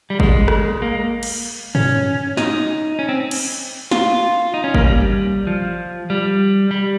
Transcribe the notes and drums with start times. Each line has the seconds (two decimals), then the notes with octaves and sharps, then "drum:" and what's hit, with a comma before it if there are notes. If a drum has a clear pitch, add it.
0.10 G3
0.20 G#3, drum: kick G#1
0.48 drum: rim click
0.82 A#3
1.23 drum: cymbal
1.75 C#4, drum: tom G2
2.37 D#4, drum: snare
2.99 C#4
3.09 C4
3.31 drum: cymbal
3.91 F4, drum: snare
4.54 D#4
4.64 C#4
4.74 A#3, drum: kick G#1
4.85 G3
5.47 F3
6.10 G3
6.71 G3